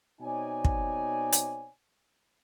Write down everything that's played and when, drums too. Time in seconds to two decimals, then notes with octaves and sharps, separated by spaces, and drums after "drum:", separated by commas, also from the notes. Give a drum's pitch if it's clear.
0.21 B2 C4 D#4 C#5 D5 G#5
0.65 drum: kick
1.32 drum: hi-hat